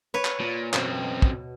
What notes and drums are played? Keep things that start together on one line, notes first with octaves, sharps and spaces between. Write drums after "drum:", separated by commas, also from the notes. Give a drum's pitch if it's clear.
B4 C#5
drum: clap
A#2
F#2 B2 C4, drum: clap
drum: kick